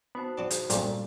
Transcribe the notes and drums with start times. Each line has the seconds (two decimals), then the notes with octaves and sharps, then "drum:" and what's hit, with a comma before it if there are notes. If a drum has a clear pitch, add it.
0.15 B3 D#4 F#4 C5 A5 B5
0.38 F3 C4 D4
0.51 G#4, drum: hi-hat
0.70 B1 G2 A#2 G3 A3 C#4, drum: hi-hat